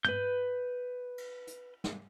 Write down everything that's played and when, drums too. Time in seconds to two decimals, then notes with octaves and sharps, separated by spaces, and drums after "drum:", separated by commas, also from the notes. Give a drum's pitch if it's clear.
0.05 B4 G6, drum: tom
1.18 drum: cymbal
1.47 drum: hi-hat
1.84 drum: snare